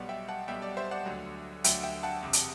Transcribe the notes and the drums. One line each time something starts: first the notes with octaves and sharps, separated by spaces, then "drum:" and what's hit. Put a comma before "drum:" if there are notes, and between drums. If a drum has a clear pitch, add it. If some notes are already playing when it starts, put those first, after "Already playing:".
Already playing: B1 B2 G3 D5 F#5
E5 G5
F#5 A5
B1 B2 G3 E5 G5
D5
C5 E5
D5 F#5
D2 D3 F#3
D2 D3 F#3 E5 G5, drum: hi-hat
E5 G5
F#5 A5
E1 E2 C3
drum: hi-hat